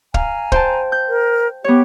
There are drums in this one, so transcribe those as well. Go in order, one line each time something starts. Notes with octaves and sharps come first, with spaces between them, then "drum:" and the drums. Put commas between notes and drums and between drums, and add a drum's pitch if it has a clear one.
F5 G#5 A#5, drum: kick
C5 G5 A5, drum: kick
G6
A#4
B3 G4 C#5